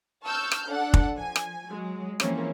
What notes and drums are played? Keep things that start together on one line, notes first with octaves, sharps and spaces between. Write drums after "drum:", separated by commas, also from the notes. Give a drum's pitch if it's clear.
A5 C#6 E6 F6 G6
drum: rim click
D4 A4 F#5
drum: kick
F3 G#5
drum: rim click
F#3 G#3
E3 F3 A#3 C4 C#4, drum: rim click